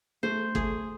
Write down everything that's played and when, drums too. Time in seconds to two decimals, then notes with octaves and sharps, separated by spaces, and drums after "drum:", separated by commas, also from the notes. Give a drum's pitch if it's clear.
0.23 A3 C5
0.55 A3 G#4, drum: kick